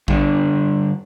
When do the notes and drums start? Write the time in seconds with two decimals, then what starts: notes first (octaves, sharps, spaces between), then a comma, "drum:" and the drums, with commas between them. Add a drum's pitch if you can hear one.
0.08 G2 D3 D4, drum: kick